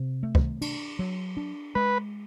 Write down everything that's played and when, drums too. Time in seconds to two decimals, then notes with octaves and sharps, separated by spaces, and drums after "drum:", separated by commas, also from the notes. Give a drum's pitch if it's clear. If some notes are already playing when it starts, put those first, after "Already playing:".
Already playing: C3
0.23 A3
0.35 drum: kick
0.61 D4, drum: cymbal
0.99 F#3
1.37 D4
1.75 G#3 B4